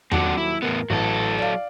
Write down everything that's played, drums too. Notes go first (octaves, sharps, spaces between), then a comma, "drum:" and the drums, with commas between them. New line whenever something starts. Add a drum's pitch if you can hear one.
D#1 F#3 C4 D4 F#5 D6, drum: tom E2
E4
E2 A2 B3 A#4
A1 F#3 A4
D5 F5